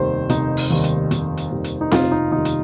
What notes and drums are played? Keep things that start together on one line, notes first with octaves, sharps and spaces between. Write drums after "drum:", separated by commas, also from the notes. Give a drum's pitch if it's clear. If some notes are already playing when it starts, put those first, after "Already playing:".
Already playing: F1 D#2 D#3 G3 C5
F1 D#4, drum: hi-hat
drum: open hi-hat
D#2 D#3 G3
drum: hi-hat
F1, drum: hi-hat
drum: hi-hat
D#2 D#3 G3
drum: hi-hat
D#4
F1 F4, drum: snare C4
D#4
D#2 D#3 G3 D#4
drum: hi-hat